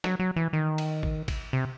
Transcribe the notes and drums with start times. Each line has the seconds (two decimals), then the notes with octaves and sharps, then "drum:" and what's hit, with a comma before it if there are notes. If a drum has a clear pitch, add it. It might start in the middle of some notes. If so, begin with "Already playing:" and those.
0.04 F#3, drum: snare
0.20 F#3
0.36 E3
0.53 D#3
0.78 drum: cymbal
1.03 drum: kick G#1
1.28 drum: kick G#1, cymbal
1.53 C3